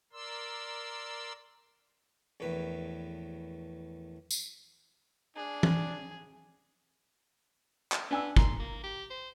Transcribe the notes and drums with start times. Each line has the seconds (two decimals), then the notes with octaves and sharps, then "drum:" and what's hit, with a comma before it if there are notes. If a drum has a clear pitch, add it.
0.13 A#4 D5 C6 E6
2.40 A#1 E2 A2 B4
4.31 drum: tambourine
5.36 D4 G#4
5.63 drum: tom E3
7.92 drum: clap
8.11 B3 D4 G#5 E6
8.36 A#5 C6, drum: kick
8.60 A#3
8.84 G4
9.10 C5